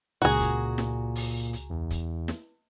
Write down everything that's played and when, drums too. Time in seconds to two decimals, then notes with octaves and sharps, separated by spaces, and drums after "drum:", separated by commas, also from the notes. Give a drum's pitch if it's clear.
0.22 C#2 A#2 F#4 G#4 G#5 A#5
0.40 drum: kick, hi-hat
0.78 drum: snare
1.15 drum: open hi-hat
1.53 drum: hi-hat
1.70 E2
1.91 drum: kick, hi-hat
2.28 drum: snare